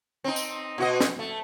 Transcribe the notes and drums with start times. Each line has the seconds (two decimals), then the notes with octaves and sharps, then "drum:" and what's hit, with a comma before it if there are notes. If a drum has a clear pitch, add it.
0.24 C4 D#4
0.36 drum: tambourine
0.78 B2 F#4 D#5
1.01 drum: snare
1.19 A3